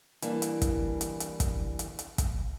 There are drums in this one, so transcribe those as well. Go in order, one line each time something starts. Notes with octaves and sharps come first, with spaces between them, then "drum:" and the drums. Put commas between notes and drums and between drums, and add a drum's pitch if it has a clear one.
E3 G3 A#3 D4, drum: hi-hat
drum: hi-hat
drum: kick, hi-hat
drum: hi-hat
drum: hi-hat
drum: kick, hi-hat
drum: hi-hat
drum: hi-hat
drum: kick, hi-hat